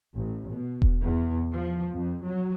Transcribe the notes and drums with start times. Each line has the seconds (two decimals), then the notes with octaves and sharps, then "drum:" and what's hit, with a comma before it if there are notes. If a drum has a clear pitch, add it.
0.15 A1
0.49 B2
0.82 drum: kick E1
1.02 E2
1.53 F3
1.93 F2
2.24 F#3